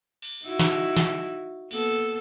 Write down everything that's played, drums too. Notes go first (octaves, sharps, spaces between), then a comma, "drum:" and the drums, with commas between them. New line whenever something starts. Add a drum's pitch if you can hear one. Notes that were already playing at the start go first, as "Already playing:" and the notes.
drum: cymbal
D#4 E4 F#4
drum: snare
drum: snare
A#3 B3 A4, drum: cymbal